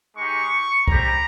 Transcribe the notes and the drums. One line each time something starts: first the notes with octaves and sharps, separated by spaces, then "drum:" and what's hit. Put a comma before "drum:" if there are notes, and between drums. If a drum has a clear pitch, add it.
G#3 D#4 G4 C#6
G3 C4 G4 A#5, drum: kick